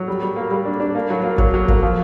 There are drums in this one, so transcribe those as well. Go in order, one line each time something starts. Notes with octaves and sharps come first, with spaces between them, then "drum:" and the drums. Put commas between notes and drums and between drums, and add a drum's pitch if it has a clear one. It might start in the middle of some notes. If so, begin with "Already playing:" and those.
Already playing: F#3
G3
G3
A#3
G3
D4
D4
A#3
F#3
A#3
F#3, drum: kick
F#3
A#3, drum: kick
F3